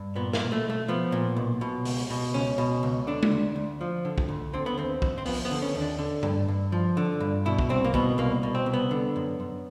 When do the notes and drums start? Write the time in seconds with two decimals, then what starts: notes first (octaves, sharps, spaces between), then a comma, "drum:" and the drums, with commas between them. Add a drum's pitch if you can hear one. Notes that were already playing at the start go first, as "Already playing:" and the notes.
Already playing: G2
0.15 A#2 B3
0.33 A#3, drum: snare
0.40 B1
0.52 A3
0.64 B1
0.70 A3
0.88 F3 B3
1.12 A#2
1.36 B1
1.61 B2
1.85 C#2, drum: open hi-hat
2.10 B2
2.34 C#2 C#4
2.58 B2
2.83 C#2
3.07 D3 D4
3.23 drum: tom G#3
3.32 D2
3.56 D2
3.81 F3
4.05 D3
4.18 drum: kick
4.29 D2
4.53 D3 C4
4.66 B3
4.78 D#2 C4
5.02 D#2, drum: kick
5.18 C4
5.26 F3 B3, drum: open hi-hat
5.45 B3
5.51 D3
5.62 C#4
5.75 D#2
5.81 D4
5.99 D3
6.23 G2, drum: tom G2
6.48 G2
6.72 F3
6.97 D3
7.20 G2
7.46 B2 E4
7.59 drum: kick
7.69 C2 C4
7.84 A#3
7.94 B2 B3, drum: kick
8.18 C2 A#3
8.43 B2
8.55 C4
8.66 C2
8.73 B3
8.91 D3
9.16 F#2
9.40 F#2